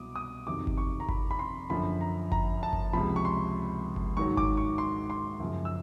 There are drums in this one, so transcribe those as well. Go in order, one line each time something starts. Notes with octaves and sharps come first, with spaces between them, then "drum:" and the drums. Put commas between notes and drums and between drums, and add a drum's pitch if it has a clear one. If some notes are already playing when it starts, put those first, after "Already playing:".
Already playing: C2 B2 F#3 D6 D#6
D#6
F2 C3 D#3 F#3 D6
drum: kick G1
C#6
A#5
B5, drum: kick G1
B5
C6
F#2 D3 F3 B5
A#5
A#5, drum: kick G1
A5
drum: kick G1
C#2 C3 F3 B5
C#6
C6
drum: kick G1
G#2 D#3 F#3 C#6
D6, drum: kick G1
C#6
C6
C6
F#2 C#3 F3
E6